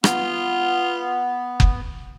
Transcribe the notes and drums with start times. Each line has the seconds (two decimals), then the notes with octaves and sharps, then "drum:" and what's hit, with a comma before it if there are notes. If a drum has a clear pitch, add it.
0.04 B3 F4, drum: rim click
1.60 drum: kick F#1